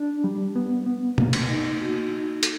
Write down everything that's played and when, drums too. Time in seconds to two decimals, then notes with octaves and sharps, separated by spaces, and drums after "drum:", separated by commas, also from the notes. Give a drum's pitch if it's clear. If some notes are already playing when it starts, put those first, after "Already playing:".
Already playing: D4
0.24 G3
0.56 B3
0.86 B3
1.18 A#3, drum: tom
1.33 drum: cymbal
1.49 D#4
1.81 F#4
2.11 D#4
2.43 A4, drum: hi-hat